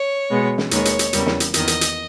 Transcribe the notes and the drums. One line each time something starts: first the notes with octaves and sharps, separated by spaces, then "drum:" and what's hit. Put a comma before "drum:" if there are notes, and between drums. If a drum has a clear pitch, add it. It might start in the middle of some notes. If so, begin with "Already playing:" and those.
Already playing: C#5
B2 G#3 B3
drum: snare
D#2 D#3 G#3 B3 C#5, drum: hi-hat
drum: hi-hat
drum: hi-hat
E2 C#3 E3 G3 A#3, drum: hi-hat
drum: snare
drum: hi-hat
E2 D#3 A#3 D#5, drum: hi-hat
drum: hi-hat
drum: hi-hat